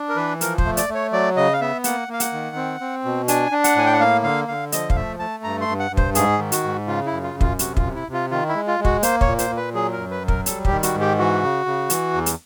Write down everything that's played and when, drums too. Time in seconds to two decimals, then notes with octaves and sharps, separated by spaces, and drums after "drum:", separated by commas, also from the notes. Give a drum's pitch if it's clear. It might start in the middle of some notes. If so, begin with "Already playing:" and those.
Already playing: D4
0.09 A#4
0.16 E3 B4
0.41 F3 A#4, drum: hi-hat
0.58 C5, drum: kick
0.65 A3
0.77 D5, drum: hi-hat
0.89 A3
0.94 C#5
1.13 F#3 D5
1.37 C#3 D#5
1.53 F5
1.61 B3 E5
1.84 A#3 F#5, drum: hi-hat
2.08 A#3 F5
2.20 F#5, drum: hi-hat
2.33 D#3
2.56 C4
2.81 C4
3.05 B2
3.28 D4 G#5, drum: hi-hat
3.52 D4
3.64 F#5, drum: hi-hat
3.76 A2 G#5
3.86 G5
3.93 F#5
4.00 A#3 F5
4.24 D3 F5
4.48 D3 F5
4.72 F3 D#5, drum: hi-hat
4.90 F5, drum: kick
4.96 A3 E5
5.19 A3 A5
5.44 G2 A#5
5.61 C6
5.68 G2
5.80 F#5
5.91 G2
5.97 C5, drum: kick
6.15 G#2 G#4, drum: hi-hat
6.39 D#3
6.52 F#4, drum: hi-hat
6.64 G#2
6.87 C#3 F4
7.06 E4
7.11 F#2
7.23 F4
7.35 F#2
7.41 F4, drum: kick
7.59 C3 F#4, drum: hi-hat
7.77 F4, drum: kick
7.83 C3
7.95 E4
8.07 C3
8.13 F4
8.31 D#3 F4
8.48 E4
8.55 G#3
8.68 F4
8.80 G#3
8.85 F#4, drum: kick
9.03 A#3 C5, drum: hi-hat
9.21 C#5, drum: kick
9.27 A#2
9.39 C5, drum: hi-hat
9.50 A#2
9.57 B4
9.74 F#3 G#4
9.93 A#4
9.98 F#2
10.11 B4
10.23 F#3
10.28 A#4, drum: kick
10.46 G3 A4, drum: hi-hat
10.65 G4, drum: kick
10.71 D#3
10.83 F#4, drum: hi-hat
10.94 G#2
11.01 G4
11.18 E3 F#4
11.43 C#3
11.66 C#3
11.90 E3, drum: hi-hat
12.14 E2
12.26 drum: hi-hat